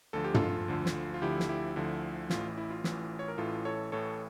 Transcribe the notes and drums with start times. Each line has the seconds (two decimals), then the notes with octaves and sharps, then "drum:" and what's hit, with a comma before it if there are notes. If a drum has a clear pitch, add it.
0.13 D2 D3 F3 A4
0.24 G4
0.34 F4 A4, drum: tom
0.68 D2 D3 F3
0.86 drum: snare
1.14 F4
1.22 D2 D3 F3 E4 G4
1.40 drum: snare
1.49 E4 G4
1.76 D2 D3 F3 E4
2.30 A1 A2 E3 F4, drum: snare
2.57 E4
2.70 F4
2.84 A1 A2 E3, drum: snare
3.19 C#5
3.28 A#4
3.38 A1 A2 E3 F4 A4
3.65 A4 C#5
3.92 A1 A2 E3 A4 C#5